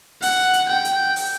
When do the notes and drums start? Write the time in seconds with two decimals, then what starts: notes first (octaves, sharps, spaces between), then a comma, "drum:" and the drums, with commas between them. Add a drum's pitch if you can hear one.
0.22 F#5, drum: open hi-hat
0.53 drum: hi-hat
0.69 G5
0.85 drum: hi-hat
1.16 drum: open hi-hat